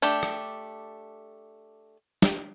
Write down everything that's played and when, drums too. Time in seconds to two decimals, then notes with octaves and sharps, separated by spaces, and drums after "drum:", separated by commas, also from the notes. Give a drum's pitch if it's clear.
0.02 A3 D4 G4, drum: open hi-hat
0.23 drum: rim click
2.22 drum: snare